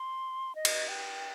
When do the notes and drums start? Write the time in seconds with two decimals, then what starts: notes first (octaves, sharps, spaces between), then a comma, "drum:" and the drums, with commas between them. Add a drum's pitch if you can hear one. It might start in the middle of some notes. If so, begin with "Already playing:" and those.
Already playing: C6
0.55 D#5
0.65 drum: cymbal
0.88 G5